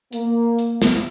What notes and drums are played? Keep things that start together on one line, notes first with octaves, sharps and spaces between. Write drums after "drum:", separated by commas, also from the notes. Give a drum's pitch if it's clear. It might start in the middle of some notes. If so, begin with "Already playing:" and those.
A#3, drum: hi-hat
drum: hi-hat
drum: snare